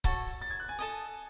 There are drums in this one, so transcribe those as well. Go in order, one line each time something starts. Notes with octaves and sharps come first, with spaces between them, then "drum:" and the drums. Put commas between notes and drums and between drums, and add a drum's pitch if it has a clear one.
F#4 A4 C#5 A5 A6, drum: kick C#1
A6
G#6
F#6
G#5 G#6
A4 D#5 A5 D#6